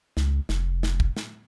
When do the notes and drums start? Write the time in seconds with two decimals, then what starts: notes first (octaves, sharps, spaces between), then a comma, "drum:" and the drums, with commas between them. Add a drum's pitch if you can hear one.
0.17 C#2, drum: snare
0.49 F1, drum: snare
0.83 drum: snare
1.00 drum: kick
1.17 drum: snare